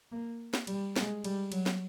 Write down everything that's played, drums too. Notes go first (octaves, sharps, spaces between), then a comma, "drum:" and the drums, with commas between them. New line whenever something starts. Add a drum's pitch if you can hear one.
A#3
drum: snare
G3, drum: cymbal
G#3, drum: snare
G3, drum: cymbal
F#3, drum: cymbal
drum: snare